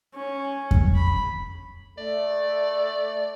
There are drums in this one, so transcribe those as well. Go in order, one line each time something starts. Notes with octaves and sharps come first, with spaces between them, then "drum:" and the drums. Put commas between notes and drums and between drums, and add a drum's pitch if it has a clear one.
C#4
drum: kick F2
B5
A3 D5